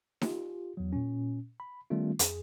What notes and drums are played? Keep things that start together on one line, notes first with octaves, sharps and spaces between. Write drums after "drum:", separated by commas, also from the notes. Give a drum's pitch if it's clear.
F4 G4, drum: snare D#4
E2 F#3
A#2 C#4
B5
D#3 G3 A3 B3 C#4 F4
F2 G#4, drum: hi-hat